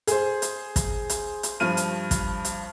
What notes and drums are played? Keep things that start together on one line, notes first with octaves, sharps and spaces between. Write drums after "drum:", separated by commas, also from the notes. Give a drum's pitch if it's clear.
G#4 C5, drum: hi-hat
drum: hi-hat
drum: kick, hi-hat
drum: hi-hat
drum: hi-hat
G2 F3 F6 D#7
drum: hi-hat
drum: kick, hi-hat
drum: hi-hat